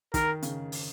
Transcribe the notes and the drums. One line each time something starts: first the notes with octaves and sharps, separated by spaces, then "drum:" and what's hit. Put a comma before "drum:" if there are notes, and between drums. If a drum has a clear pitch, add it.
D#3 A#4, drum: kick, hi-hat
C#3, drum: hi-hat
drum: open hi-hat